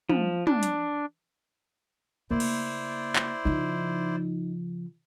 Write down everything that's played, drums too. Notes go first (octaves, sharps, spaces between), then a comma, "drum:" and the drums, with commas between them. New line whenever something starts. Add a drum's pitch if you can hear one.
F3, drum: tom
D4, drum: tom
drum: hi-hat
C#3 A3 A#3 E4 C5 D5
drum: cymbal
drum: clap
C#3 F3 D#4